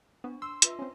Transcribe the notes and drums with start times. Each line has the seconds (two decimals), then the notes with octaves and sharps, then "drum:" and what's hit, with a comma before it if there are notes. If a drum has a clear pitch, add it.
0.24 B3 D4
0.42 C6 E6
0.62 F4 B4 E5, drum: hi-hat
0.79 C4 C#4